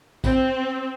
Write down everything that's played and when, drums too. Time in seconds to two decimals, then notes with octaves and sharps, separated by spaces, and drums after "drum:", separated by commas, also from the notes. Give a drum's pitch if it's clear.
0.24 C4, drum: kick, tambourine